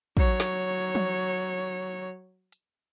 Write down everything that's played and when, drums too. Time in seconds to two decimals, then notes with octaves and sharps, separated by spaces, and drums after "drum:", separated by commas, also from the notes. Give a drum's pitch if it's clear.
0.17 F#3 C#5, drum: kick
0.40 drum: snare
0.95 drum: tom
2.52 drum: hi-hat